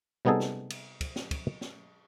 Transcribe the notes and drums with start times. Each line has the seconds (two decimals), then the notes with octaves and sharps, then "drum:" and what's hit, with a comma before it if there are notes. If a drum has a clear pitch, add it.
0.25 C3 G3 B3 D#4 G#4 A4
0.40 drum: snare
0.70 drum: cymbal
1.01 drum: kick, cymbal
1.16 drum: snare
1.31 drum: kick, cymbal
1.61 drum: snare